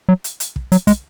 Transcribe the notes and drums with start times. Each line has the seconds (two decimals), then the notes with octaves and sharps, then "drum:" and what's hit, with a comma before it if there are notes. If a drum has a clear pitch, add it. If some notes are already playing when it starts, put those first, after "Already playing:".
0.09 F#3
0.24 drum: hi-hat
0.40 drum: hi-hat
0.56 drum: kick
0.72 F#3, drum: hi-hat
0.87 G#3, drum: kick, hi-hat